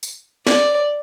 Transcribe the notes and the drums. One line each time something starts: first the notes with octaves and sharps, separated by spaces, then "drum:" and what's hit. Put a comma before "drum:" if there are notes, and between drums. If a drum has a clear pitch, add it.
drum: tambourine
D5, drum: snare